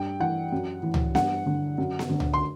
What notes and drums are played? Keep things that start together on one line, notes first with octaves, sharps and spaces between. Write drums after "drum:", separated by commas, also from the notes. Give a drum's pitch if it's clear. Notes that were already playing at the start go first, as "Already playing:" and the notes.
Already playing: G2 G5
E3 F#5
F#2
E3
drum: tom C#2
G2 F#5, drum: snare B3
D3
F#2
drum: snare B3
D3
drum: tom C#2
C6